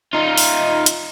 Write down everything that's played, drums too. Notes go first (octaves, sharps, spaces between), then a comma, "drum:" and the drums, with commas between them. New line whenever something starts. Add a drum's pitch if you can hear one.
D#4 F4
drum: open hi-hat
drum: hi-hat